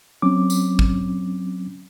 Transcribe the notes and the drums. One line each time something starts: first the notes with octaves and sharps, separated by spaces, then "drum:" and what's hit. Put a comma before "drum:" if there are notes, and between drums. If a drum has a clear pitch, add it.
F#3 C4 C#4 D6
drum: tambourine
drum: kick